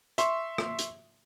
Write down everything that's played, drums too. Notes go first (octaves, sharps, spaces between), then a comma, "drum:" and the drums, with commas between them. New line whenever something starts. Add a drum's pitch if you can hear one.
E5 C6 C#6 E6, drum: hi-hat
drum: rim click
drum: hi-hat